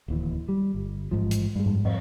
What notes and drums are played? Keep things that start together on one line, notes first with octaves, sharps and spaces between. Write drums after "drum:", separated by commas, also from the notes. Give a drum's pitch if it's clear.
D1 D#2 E3
G3
G1
A1 G#2 F3
drum: hi-hat
G2 G#3
drum: tom G#2
F2, drum: cymbal